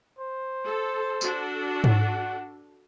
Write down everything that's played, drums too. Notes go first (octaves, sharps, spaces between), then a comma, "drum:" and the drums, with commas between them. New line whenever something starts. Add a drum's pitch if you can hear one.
C5
A4
D4 F#4 A4, drum: tambourine
F#5, drum: tom G#2